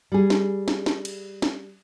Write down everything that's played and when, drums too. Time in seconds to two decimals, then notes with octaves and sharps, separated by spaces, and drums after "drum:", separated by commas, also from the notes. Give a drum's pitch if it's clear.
0.12 G3 G#4
0.30 drum: snare
0.68 drum: snare
0.86 drum: snare
1.05 drum: cymbal
1.42 drum: snare